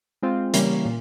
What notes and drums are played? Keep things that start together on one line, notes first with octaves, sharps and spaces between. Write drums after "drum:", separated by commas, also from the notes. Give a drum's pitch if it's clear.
G#3 C4 F4
C#3 E3 G3 A#3 C#4, drum: hi-hat
A#2